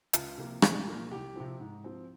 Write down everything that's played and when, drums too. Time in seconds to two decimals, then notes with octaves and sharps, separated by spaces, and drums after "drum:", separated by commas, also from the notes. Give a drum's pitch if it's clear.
0.13 C#2 F4, drum: hi-hat
0.38 C3 F3 A#3
0.62 C2, drum: rim click
0.87 A#2 F3 A#3
1.11 C2 G4
1.36 C3 F3 C4
1.60 G#2
1.84 F3 C4